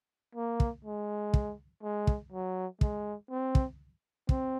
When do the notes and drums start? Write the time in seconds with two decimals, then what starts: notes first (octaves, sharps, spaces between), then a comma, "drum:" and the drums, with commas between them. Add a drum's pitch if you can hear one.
0.35 A#3
0.60 drum: kick
0.84 G#3
1.34 drum: kick
1.83 G#3
2.07 drum: kick
2.32 F#3
2.81 G#3, drum: kick
3.30 C4
3.55 drum: kick
4.29 C4, drum: kick